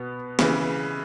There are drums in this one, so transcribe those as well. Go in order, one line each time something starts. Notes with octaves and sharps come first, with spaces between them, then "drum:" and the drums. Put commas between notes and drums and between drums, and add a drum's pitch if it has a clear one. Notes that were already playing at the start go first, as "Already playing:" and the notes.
Already playing: B2 B3
C#3 E3, drum: snare